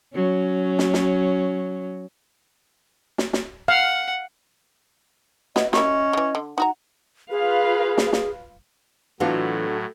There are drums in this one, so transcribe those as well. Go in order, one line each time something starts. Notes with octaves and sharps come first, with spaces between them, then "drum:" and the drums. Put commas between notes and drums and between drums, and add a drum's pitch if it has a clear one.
F#3 C#4
drum: snare
drum: snare
drum: snare
drum: snare
F5 F#5
B3 E4 D#5, drum: snare
G3 A#3 C#4 E4 D#5, drum: snare
C#3 E3
D3
D#4 F#4 F#5 A#5
F4 G#4 B4 F5
drum: snare
drum: snare
A2 E3 F#3 B3 D4 F4 F#4 A4